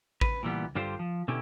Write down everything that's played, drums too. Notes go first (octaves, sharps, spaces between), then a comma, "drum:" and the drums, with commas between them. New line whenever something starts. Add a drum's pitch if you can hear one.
B4, drum: kick A1
A#2 E3 G3 B3
G2 D3 F4 G4 C5
F3
B2 D3 C#4 E4 G4